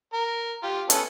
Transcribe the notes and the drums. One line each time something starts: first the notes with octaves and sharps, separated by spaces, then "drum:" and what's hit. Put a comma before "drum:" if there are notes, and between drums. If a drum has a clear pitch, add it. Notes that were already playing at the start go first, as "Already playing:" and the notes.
A#4
F4 G4
B3 C#4 A4, drum: hi-hat